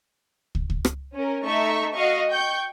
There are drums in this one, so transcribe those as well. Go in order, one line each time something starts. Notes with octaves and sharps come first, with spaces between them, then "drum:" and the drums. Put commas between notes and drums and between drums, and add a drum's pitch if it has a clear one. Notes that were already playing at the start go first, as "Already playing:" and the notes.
drum: kick
drum: kick
drum: rim click
C#4 A#4
A3 D#4 E5 C#6
F#4 D#5 F5 C#6
G5 C#6 G6